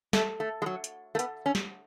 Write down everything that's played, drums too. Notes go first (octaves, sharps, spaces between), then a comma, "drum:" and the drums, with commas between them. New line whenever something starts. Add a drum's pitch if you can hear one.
A3, drum: snare
A3
G#3
F#3
drum: hi-hat
A3
B3, drum: hi-hat
C#4
drum: snare